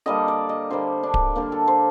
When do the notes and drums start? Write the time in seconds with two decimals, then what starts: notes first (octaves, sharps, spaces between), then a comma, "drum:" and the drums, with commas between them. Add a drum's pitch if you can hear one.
0.06 D3 G3 A#3 D#5
0.28 D5
0.49 D#5
0.70 D3 G3 A#3 C5
1.03 D4
1.14 drum: kick D1
1.36 D3 G3 A#3
1.52 A4
1.68 C5